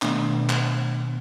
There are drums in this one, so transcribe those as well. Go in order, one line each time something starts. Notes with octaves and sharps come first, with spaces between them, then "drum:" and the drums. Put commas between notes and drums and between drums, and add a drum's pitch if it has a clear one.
B2 D#3 A3 B3 D4, drum: clap
drum: clap